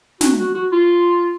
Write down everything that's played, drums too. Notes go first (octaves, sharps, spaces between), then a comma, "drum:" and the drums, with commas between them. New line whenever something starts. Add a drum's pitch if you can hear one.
F#4, drum: snare
F#4
F#4
F4